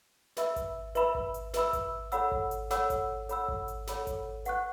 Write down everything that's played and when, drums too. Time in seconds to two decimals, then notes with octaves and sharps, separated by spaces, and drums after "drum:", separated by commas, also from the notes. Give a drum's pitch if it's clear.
0.37 B4 E5 B5 E6, drum: snare
0.56 drum: kick G#1, hi-hat
0.95 B4 E5 B5 E6, drum: hi-hat
1.15 drum: kick G#1
1.34 drum: hi-hat
1.54 B4 E5 B5 E6, drum: snare
1.73 drum: kick G#1, hi-hat
2.12 A4 C#5 F#5 B5 E6, drum: hi-hat
2.32 drum: kick G#1
2.51 drum: hi-hat
2.71 A4 C#5 F#5 B5 E6, drum: snare
2.90 drum: kick G#1, hi-hat
3.29 A4 C#5 F#5 B5 E6, drum: hi-hat
3.48 drum: kick G#1
3.68 drum: hi-hat
3.87 A4 C#5 F#5 B5 E6, drum: snare
4.07 drum: kick G#1, hi-hat
4.45 B4 F#5 C#6 F#6, drum: hi-hat